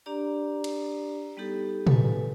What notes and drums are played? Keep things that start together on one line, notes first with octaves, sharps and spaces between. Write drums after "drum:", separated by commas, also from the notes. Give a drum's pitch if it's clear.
D4 G4 D5 A#5
drum: cymbal
G3 B3 D#4 G4 A4
A4 B4 G#5, drum: tom